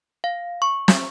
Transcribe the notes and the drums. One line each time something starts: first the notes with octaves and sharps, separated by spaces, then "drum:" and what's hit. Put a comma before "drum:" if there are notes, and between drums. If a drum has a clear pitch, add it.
F5
C#6
drum: snare